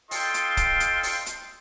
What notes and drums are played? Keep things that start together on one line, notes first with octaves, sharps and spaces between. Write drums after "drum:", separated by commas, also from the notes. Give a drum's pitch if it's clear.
F4 A4 D#5 G5 C6, drum: open hi-hat
drum: hi-hat
drum: kick, hi-hat
drum: hi-hat
drum: open hi-hat
drum: hi-hat